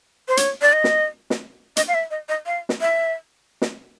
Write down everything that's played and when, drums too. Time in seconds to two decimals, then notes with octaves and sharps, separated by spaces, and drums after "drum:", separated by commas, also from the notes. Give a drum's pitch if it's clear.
0.28 C5
0.37 C#5, drum: hi-hat
0.62 D5
0.73 D#5
0.84 drum: snare
1.30 drum: snare
1.77 D#5, drum: hi-hat
1.88 F5
1.94 E5
2.11 D#5
2.29 D#5
2.46 F5
2.69 drum: snare
2.81 E5
3.62 drum: snare